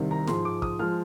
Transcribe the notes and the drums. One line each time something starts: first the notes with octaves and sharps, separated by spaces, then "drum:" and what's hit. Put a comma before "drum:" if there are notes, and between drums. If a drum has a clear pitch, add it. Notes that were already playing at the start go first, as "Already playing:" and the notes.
Already playing: C2 C3 D#3
A#5
G#2 F3 G#3 C6, drum: snare
D6
D#6, drum: kick
F3 G#3 F6